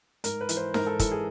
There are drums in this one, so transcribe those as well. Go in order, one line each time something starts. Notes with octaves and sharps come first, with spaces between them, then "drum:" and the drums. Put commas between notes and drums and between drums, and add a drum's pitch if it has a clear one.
G#2 A#4, drum: hi-hat
B4
E3, drum: hi-hat
C5
G#2 A#4, drum: snare D#4
A4
E3 A4, drum: kick, hi-hat
G#4